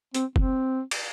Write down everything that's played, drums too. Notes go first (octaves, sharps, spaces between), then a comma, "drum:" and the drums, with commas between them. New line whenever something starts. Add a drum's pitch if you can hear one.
C4, drum: hi-hat
C4, drum: kick
drum: cymbal